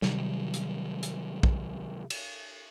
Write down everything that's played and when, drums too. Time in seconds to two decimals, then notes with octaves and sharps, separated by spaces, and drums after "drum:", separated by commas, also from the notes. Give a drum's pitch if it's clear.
0.02 C3 D#3 F#3 G3, drum: snare
0.54 drum: hi-hat
1.03 drum: hi-hat
1.43 drum: kick
2.10 drum: cymbal